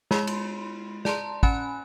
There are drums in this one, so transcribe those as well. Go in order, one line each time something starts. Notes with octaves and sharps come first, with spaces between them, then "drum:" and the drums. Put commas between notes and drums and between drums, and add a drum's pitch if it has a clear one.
G#3 E4 B5 C6, drum: snare
drum: cymbal
D5 A5 A#5 C6, drum: snare
C#4 G#5 B5 F#6, drum: kick